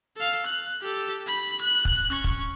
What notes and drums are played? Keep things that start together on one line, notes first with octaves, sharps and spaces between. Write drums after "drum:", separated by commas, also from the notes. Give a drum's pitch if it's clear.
A4 F5
F#6
G4 A4
B5
F#6
drum: kick
C#4 C#6
drum: kick